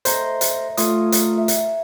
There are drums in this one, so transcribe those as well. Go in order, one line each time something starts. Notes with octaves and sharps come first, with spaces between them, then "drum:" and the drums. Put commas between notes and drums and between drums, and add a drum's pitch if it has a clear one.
A3 C5 D#5 A#5, drum: hi-hat
drum: hi-hat
A3 F4 C#5 F5 D#6, drum: hi-hat
drum: hi-hat
E5
drum: hi-hat